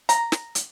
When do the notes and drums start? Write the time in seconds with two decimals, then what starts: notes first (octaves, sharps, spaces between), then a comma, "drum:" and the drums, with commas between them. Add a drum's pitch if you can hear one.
0.09 A#5, drum: hi-hat
0.32 drum: snare
0.55 drum: hi-hat